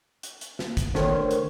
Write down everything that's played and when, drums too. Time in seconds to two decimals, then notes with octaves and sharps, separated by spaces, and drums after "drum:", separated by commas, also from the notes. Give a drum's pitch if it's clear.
0.23 drum: hi-hat
0.41 drum: hi-hat
0.59 drum: snare
0.77 drum: kick G1, hi-hat
0.95 D3 D#3 A3 C5 C#5, drum: snare
1.31 drum: hi-hat